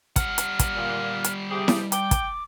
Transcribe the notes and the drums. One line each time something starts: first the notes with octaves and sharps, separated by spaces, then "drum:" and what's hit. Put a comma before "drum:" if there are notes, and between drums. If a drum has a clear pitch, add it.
G3 F#5 F6, drum: kick, hi-hat
drum: hi-hat
drum: kick, hi-hat
A#2
drum: hi-hat
C3 G4 G#4
drum: snare E4
G5 D6, drum: hi-hat
drum: kick, hi-hat